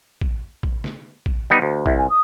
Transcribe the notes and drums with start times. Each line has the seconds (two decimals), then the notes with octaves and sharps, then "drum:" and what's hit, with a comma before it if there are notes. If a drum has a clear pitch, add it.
0.21 drum: kick
0.63 drum: kick
0.84 drum: snare
1.26 drum: kick
1.50 G3 B3 D#4
1.62 D2
1.86 C2 E5, drum: kick
1.98 G#5
2.10 D#6